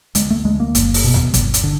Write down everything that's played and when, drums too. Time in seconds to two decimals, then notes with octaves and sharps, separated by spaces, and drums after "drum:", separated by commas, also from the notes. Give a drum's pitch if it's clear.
0.15 D2 G#3, drum: hi-hat
0.30 A3
0.45 D2 G#3
0.60 A#3
0.75 F#1, drum: hi-hat
0.94 drum: open hi-hat
1.04 B2
1.14 drum: tom D2
1.34 G1, drum: kick, hi-hat
1.54 drum: hi-hat
1.64 D3